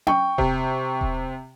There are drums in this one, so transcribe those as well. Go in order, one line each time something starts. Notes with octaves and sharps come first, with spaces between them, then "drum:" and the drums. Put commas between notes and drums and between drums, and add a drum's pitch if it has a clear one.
G5 C#6, drum: tom C#4
C3, drum: kick D#1
drum: kick D#1